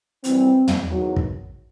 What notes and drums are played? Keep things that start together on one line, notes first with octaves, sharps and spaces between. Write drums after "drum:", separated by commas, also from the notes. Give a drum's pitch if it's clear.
F#2 E3 G3 C4, drum: hi-hat
drum: tom
E2 D#3 F#3
drum: kick